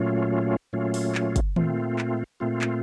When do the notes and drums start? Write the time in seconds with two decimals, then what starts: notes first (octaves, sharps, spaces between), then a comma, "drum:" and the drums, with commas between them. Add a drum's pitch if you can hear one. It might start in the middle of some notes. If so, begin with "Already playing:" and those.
Already playing: A#2 F#3 A3 C#4 F4
0.73 A#2 F#3 A3 C#4 F4
0.94 drum: open hi-hat
1.15 drum: clap
1.36 drum: kick, hi-hat
1.56 A#2 A3 C4 F4, drum: tom D#3
1.99 drum: clap
2.40 A#2 A3 C4 F4
2.61 drum: clap